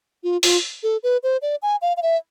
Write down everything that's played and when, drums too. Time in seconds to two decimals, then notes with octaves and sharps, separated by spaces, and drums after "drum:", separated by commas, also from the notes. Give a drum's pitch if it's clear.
0.23 F4
0.43 F4, drum: open hi-hat
0.83 A4
1.03 B4
1.23 C5
1.42 D5
1.62 G#5
1.82 F5
1.97 F5
2.02 E5